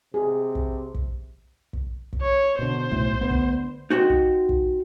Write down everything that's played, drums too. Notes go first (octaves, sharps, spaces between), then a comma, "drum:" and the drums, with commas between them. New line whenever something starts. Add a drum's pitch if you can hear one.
C3 G#4
drum: kick
drum: kick
drum: kick
drum: kick
C#5
B2 D3 C5
B1 A2, drum: kick
D2 B3
drum: kick
D#4 F#4 C5 G5
drum: kick
drum: kick